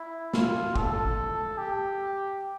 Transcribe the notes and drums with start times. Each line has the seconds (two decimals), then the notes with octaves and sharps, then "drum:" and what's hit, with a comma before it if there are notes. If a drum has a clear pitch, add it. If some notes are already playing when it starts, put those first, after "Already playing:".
Already playing: E4
0.34 F4, drum: snare
0.76 A4, drum: kick
1.58 G4